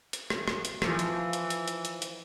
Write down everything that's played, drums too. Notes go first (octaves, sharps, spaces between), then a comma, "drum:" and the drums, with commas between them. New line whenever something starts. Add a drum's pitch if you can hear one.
drum: hi-hat
drum: rim click
drum: rim click
drum: hi-hat
E3 F3, drum: rim click
drum: hi-hat
drum: hi-hat
drum: hi-hat
drum: hi-hat
drum: hi-hat
drum: hi-hat